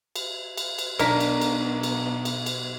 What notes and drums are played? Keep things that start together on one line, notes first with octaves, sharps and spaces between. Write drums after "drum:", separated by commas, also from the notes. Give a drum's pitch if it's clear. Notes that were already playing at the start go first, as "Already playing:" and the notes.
drum: cymbal
drum: cymbal
drum: cymbal
B1 B2 B3 D4 A#4 A#5 B6, drum: cymbal
drum: cymbal
drum: cymbal
drum: cymbal
drum: cymbal
drum: cymbal